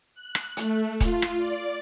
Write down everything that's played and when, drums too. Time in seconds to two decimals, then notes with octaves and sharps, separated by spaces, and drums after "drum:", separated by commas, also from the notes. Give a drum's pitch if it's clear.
0.14 F#6
0.35 drum: rim click
0.57 A3, drum: hi-hat
1.00 F4, drum: kick D#1, hi-hat
1.22 drum: rim click
1.37 D5